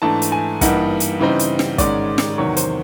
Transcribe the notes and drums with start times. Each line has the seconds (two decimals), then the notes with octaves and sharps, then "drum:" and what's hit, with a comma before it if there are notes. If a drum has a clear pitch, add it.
0.02 G#2 E3 A3 D4 A5
0.22 drum: hi-hat
0.32 G#5
0.61 G2 E3 G3 A#3 D#4 F#5, drum: kick, hi-hat
1.00 drum: hi-hat
1.19 C#3 E3 G3 C4 D#4
1.39 drum: hi-hat
1.59 drum: snare
1.78 G#2 D#3 G#3 C#4 D5, drum: kick, hi-hat
2.18 drum: snare
2.38 E2 C3 D#3 F#3 C#5
2.57 C5, drum: hi-hat